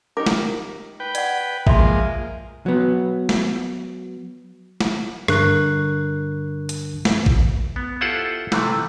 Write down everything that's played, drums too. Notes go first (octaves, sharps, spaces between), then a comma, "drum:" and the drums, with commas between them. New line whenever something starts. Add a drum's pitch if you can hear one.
D#4 G4 A#4 D6
drum: snare
B4 G5
D5 F#5, drum: hi-hat
F3 G#3 A#3 E5 C6, drum: kick A1
F#3 B3
drum: snare
drum: snare
G2 D3 D4 A#4 C#6 F#6, drum: rim click
drum: hi-hat
drum: snare
drum: kick A1
B3
E4 F4 G4 A4 C5 F#5
C3 E3 G3 A3, drum: snare